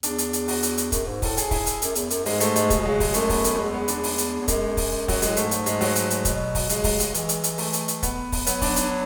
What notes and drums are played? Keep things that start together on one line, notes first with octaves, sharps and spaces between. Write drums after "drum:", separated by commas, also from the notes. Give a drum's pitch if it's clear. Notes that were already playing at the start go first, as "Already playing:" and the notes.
E2 D4, drum: hi-hat
drum: hi-hat
drum: hi-hat
F#4, drum: open hi-hat
drum: hi-hat
drum: hi-hat
F#2, drum: kick, hi-hat
G#2
A2 A4, drum: kick, open hi-hat
G#4, drum: hi-hat
E4, drum: kick, open hi-hat
drum: hi-hat
F#2, drum: hi-hat
E2, drum: hi-hat
F#2, drum: hi-hat
G#2 G#3, drum: open hi-hat
A3, drum: hi-hat
G#3, drum: hi-hat
C#3 G#3, drum: kick, hi-hat
B2
C#3 F#3
G#3, drum: kick, open hi-hat
F#2 A3, drum: hi-hat
B3, drum: kick, open hi-hat
A3, drum: hi-hat
F#2
E2 G#3
B3
D4, drum: hi-hat
D4, drum: open hi-hat
drum: hi-hat
E2
F#2 G#3, drum: kick, hi-hat
drum: kick, open hi-hat
F#3, drum: kick, open hi-hat
G#3, drum: hi-hat
A2
G#2 A3, drum: hi-hat
drum: hi-hat
G#3, drum: hi-hat
F#3, drum: open hi-hat
drum: hi-hat
drum: hi-hat
B2, drum: kick, hi-hat
drum: kick, open hi-hat
C#3 G#3, drum: hi-hat
G#3, drum: kick, open hi-hat
F#3, drum: hi-hat
E3 G#3, drum: hi-hat
drum: hi-hat
drum: hi-hat
A3, drum: open hi-hat
drum: hi-hat
drum: hi-hat
B3, drum: kick, hi-hat
drum: kick, open hi-hat
F#3 B3, drum: hi-hat
D4, drum: kick, open hi-hat
D4, drum: hi-hat